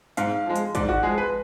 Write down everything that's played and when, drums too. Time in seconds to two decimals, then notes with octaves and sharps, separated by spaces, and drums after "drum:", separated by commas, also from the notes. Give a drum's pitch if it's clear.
0.17 G#2 F5, drum: hi-hat
0.46 F3 G#3
0.56 drum: hi-hat
0.75 G#2 D5, drum: kick, hi-hat
0.89 F#4
1.03 F3 G#3 G#4
1.18 B4